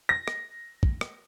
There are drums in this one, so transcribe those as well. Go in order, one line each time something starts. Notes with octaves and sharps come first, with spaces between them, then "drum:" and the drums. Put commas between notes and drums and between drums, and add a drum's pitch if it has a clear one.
A#6
drum: rim click
drum: kick
drum: rim click